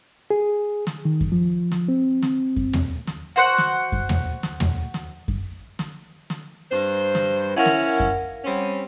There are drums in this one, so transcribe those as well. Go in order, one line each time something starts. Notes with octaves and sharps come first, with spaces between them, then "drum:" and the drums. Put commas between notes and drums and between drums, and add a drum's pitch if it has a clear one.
G#4
drum: snare
D#3
drum: kick F#2
F3
drum: snare
C4
drum: snare
drum: kick F#2
drum: tom
drum: snare
F#4 C5 F#5
drum: snare
drum: kick F#2
drum: tom
drum: snare
drum: tom
drum: snare
drum: kick F#2
drum: snare
drum: snare
G2 C5
drum: snare
C#4 E4 A#4 F5 F#5
drum: snare
drum: kick F#2
G3 C4 C#4